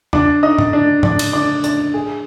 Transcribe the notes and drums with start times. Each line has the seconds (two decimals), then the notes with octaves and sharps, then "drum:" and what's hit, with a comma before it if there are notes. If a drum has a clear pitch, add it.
0.13 D4 D5, drum: tom
0.43 D#4 D#5
0.58 drum: tom
0.73 D4 D5
1.03 D4 D5, drum: tom
1.19 drum: cymbal
1.33 D4 D5
1.64 D4 D5, drum: hi-hat
1.94 G#4